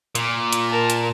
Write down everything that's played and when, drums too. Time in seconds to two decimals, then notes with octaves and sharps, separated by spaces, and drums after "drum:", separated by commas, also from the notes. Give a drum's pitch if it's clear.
0.15 A#2, drum: hi-hat
0.52 drum: hi-hat
0.68 A#4 A5
0.90 drum: hi-hat